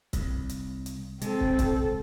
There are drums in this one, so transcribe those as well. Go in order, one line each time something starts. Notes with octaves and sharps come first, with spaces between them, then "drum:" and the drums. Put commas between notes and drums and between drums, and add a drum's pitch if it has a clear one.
C2, drum: kick, hi-hat
drum: hi-hat
drum: hi-hat
C3 G#3 C4 A4, drum: hi-hat
drum: kick
drum: kick, hi-hat